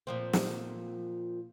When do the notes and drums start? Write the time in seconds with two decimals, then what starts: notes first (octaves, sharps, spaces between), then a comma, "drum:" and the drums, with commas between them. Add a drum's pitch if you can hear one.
0.07 A#2 F3 C4
0.33 drum: snare